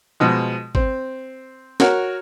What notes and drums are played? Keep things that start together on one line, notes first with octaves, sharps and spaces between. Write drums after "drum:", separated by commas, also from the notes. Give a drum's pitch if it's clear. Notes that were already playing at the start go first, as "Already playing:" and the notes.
B2 F3 G#3
C4, drum: kick G#1
F#4 A#4 C#5, drum: snare